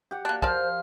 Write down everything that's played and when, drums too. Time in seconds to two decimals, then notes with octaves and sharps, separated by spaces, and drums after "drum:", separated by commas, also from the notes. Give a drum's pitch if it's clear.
0.11 G4 F#5
0.25 A#3 D4 F#6
0.42 F3 A#4 C5 D5 A5 F6, drum: kick